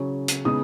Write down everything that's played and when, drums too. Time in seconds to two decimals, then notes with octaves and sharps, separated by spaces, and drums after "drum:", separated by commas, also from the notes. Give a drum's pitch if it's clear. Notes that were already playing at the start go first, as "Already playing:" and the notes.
Already playing: C#3 F#3 C#4
0.28 drum: hi-hat
0.45 C#3 G#3 B3 D#4 D#6